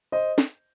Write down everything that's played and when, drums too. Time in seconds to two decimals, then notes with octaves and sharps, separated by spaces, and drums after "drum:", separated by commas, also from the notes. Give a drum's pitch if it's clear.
0.12 C5 D#5
0.38 drum: snare